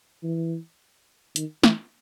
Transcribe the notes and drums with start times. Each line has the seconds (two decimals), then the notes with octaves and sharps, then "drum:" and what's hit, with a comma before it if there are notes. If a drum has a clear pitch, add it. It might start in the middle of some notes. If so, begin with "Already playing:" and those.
0.23 E3
1.36 D#3, drum: hi-hat
1.63 E3, drum: snare